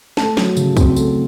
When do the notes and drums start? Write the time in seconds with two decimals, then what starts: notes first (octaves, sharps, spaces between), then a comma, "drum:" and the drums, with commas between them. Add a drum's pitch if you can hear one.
0.17 A3 A5, drum: snare
0.37 F#3, drum: snare
0.57 C#3, drum: tambourine
0.77 C4, drum: kick, tambourine
0.96 A3, drum: tambourine